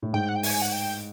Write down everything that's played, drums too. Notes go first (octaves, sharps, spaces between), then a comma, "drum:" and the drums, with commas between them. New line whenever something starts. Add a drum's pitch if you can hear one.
A2
G#2 G5
F#5
G5
G#5, drum: open hi-hat
F#5
G5